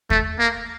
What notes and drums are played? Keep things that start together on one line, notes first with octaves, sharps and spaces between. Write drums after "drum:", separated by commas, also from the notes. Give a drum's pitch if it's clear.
A3, drum: kick
A#3